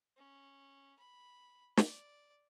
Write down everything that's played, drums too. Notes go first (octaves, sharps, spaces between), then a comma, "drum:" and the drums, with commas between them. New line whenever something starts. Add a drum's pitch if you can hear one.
C#4
B5
D5, drum: snare